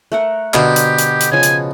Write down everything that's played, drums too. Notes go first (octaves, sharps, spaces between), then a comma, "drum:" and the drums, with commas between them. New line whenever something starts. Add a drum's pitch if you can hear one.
A3 A#4 F#5
B2 D3 G4 A#4 C5, drum: clap
drum: hi-hat
drum: hi-hat
drum: hi-hat
C#3 F3 G#5
drum: hi-hat